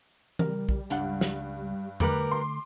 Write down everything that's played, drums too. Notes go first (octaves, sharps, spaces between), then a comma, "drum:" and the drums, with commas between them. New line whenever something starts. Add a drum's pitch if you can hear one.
C#3 G3 A#4, drum: tom E3
drum: kick
C#2 G2 D4 F#5, drum: hi-hat
drum: snare
D3 G3 A3 A#4 B4 D6, drum: tom E2
C6